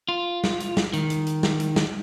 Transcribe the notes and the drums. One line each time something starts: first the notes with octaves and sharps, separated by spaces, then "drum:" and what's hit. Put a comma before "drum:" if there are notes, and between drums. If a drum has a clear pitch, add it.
F4
drum: snare
drum: hi-hat
drum: snare
D#3, drum: hi-hat
drum: hi-hat
drum: hi-hat
drum: snare
drum: hi-hat
drum: snare